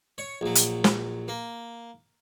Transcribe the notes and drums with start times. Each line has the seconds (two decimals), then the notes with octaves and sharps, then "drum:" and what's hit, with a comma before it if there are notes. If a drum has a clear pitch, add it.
0.18 C#5
0.41 A#1 F#3
0.55 drum: hi-hat
0.84 drum: snare
1.28 A#3